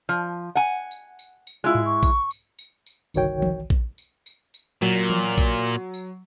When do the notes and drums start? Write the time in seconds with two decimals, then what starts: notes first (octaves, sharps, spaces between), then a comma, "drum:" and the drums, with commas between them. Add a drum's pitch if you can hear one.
0.09 F3
0.55 F#5 G#5
0.91 drum: tambourine
1.19 drum: tambourine
1.47 drum: tambourine
1.64 G#3 E4 F4
1.75 drum: tom G#2
1.85 C#6
2.03 drum: kick A#1, tambourine
2.31 drum: tambourine
2.59 drum: tambourine
2.86 drum: tambourine
3.14 G1 C2 D#3 F#4 C#5 G5, drum: tambourine
3.42 drum: tom E3
3.70 drum: kick A#1
3.98 drum: tambourine
4.26 drum: tambourine
4.54 drum: tambourine
4.82 A#2 F#3, drum: tambourine
5.10 drum: tom E3
5.38 drum: kick A#1, tambourine
5.66 drum: tambourine
5.94 drum: tambourine